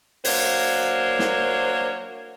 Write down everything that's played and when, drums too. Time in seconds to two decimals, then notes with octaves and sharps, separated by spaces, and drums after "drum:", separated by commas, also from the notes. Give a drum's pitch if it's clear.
0.25 F#3 A#3 D4 C5 C#5, drum: open hi-hat
1.19 drum: snare